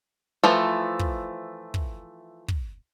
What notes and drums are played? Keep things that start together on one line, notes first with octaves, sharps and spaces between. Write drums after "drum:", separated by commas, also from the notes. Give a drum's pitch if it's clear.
E3 F3 A3
drum: kick
drum: kick
drum: kick